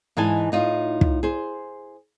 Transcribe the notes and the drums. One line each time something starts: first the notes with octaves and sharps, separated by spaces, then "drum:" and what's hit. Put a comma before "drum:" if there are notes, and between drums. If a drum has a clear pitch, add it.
G#2 E3 D#5 G#5 A5
A2 D#4 F4
drum: kick
G#4 C5